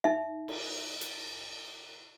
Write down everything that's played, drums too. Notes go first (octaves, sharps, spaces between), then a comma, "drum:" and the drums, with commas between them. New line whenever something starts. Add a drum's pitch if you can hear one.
D#4 E5
drum: cymbal
drum: hi-hat